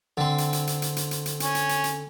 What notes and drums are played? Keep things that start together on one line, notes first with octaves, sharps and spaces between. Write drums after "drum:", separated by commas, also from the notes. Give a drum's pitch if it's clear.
D3 C4
drum: hi-hat
drum: hi-hat
drum: hi-hat
drum: hi-hat
drum: hi-hat
drum: hi-hat
drum: hi-hat
C#4, drum: hi-hat
drum: hi-hat
drum: hi-hat
drum: hi-hat